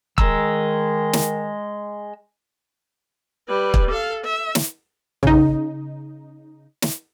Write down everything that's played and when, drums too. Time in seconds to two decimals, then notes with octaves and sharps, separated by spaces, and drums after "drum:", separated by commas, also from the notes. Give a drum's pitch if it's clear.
0.18 D#3 G#3 A#5 E6, drum: kick
1.13 drum: snare
3.47 G3 B4
3.74 drum: kick
3.90 A4 F5
4.24 E5
4.55 drum: snare
5.23 C#3 D#4, drum: tom A#1
6.82 drum: snare